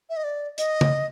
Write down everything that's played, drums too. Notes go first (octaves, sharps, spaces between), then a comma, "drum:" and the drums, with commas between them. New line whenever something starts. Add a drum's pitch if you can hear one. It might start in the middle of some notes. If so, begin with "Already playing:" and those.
E5
D#5
D5
D#5, drum: hi-hat
drum: tom C#3